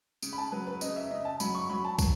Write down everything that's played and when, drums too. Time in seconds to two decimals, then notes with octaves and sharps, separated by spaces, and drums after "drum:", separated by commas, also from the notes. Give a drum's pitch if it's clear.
0.22 C#3, drum: tambourine
0.33 B5
0.38 A5
0.52 F#3 B4
0.67 B4
0.81 C#3 D#5, drum: tambourine
0.96 E5
1.10 C#3 D#5
1.25 A5
1.40 F#3 B5, drum: tambourine
1.55 C#6
1.69 F#3 B5
1.85 A5
1.99 F#3, drum: kick, tambourine